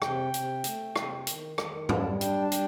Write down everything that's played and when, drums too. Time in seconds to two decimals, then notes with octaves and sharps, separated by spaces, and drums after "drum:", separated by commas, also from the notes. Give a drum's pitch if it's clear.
0.02 C3 G5, drum: rim click
0.34 C3, drum: hi-hat
0.64 A3, drum: hi-hat
0.96 C3, drum: rim click
1.27 D#3, drum: hi-hat
1.58 D#3, drum: rim click
1.89 G3 A5, drum: tom
2.21 D4 G5, drum: hi-hat
2.43 A5
2.52 G3 G5, drum: hi-hat